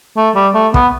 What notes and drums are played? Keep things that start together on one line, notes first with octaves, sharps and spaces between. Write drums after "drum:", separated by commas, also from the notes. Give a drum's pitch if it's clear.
A3
G3
A3
B3, drum: kick